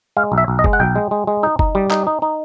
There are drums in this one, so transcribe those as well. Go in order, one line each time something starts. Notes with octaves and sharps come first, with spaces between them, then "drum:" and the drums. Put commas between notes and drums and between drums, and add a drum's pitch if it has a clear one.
G#3 F5
B1
E5
B1
D#5
G#3, drum: kick F#1
F#5
B1 G5
G#3
G#3
G#3
D#4
D#4, drum: kick F#1
G3
D#4, drum: clap
D#4
D#4